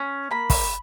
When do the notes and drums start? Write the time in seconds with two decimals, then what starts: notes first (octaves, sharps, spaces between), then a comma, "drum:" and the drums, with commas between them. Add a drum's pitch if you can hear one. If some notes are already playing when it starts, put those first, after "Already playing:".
Already playing: C#4
0.31 A#3 B5
0.50 drum: kick, open hi-hat